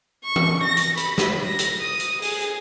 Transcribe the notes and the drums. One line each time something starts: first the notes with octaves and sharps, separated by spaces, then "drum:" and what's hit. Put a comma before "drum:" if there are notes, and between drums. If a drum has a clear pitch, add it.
C#6
drum: tom E3
A#6
drum: hi-hat
B5, drum: hi-hat
drum: snare
A#6
drum: hi-hat
D#6
drum: hi-hat
G#4, drum: open hi-hat
drum: hi-hat